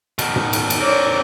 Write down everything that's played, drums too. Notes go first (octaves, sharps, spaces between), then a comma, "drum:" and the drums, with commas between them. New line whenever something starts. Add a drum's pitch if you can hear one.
B2 D#3, drum: cymbal
drum: tom
drum: cymbal
drum: cymbal
C4 D4 A#4 C#5 D6